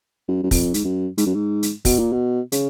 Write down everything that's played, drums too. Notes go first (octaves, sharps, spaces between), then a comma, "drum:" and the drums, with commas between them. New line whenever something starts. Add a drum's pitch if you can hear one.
F#2
F#2
F2, drum: kick, open hi-hat
G#2, drum: hi-hat
F#2
G#2, drum: hi-hat
F#2
G#2
drum: hi-hat
B2, drum: kick, open hi-hat
A#2
B2
C#3, drum: hi-hat